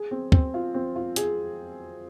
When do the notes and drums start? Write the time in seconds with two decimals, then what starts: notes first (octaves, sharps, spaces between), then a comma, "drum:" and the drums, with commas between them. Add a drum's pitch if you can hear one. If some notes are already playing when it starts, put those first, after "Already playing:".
Already playing: G#4
0.11 C4
0.32 C4, drum: kick
0.54 F4
0.74 C4
0.96 F4
1.16 G#4, drum: hi-hat